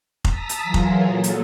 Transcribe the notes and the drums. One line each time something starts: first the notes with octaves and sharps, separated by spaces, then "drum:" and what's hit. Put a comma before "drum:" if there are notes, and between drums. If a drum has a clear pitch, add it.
A5 A#5 D#6 E6 A#6 B6, drum: kick F1
drum: hi-hat
E3 F#3 F4 G#4 A#4
drum: kick F1
A#2 F#3 A4
drum: hi-hat